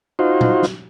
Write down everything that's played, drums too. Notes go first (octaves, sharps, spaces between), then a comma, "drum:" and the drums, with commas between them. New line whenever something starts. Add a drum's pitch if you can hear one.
D#4 F4 F#4 C5
drum: tom A#2
drum: snare